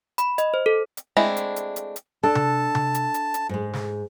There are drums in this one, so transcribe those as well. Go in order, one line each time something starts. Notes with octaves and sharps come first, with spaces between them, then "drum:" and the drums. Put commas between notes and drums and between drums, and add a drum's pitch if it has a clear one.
B5, drum: hi-hat
D#5, drum: hi-hat
C5
A4
drum: hi-hat
G#3 A3 C4 D4 E4
drum: hi-hat
drum: hi-hat
drum: hi-hat
drum: hi-hat
D4 A4 A5
drum: tom C3
drum: tom C3
drum: hi-hat
drum: hi-hat
drum: hi-hat
G#2 G#3
drum: snare